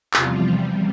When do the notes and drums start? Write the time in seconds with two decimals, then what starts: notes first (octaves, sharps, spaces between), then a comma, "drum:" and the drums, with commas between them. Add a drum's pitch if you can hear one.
0.14 E2 C3 F3 G3 F4, drum: clap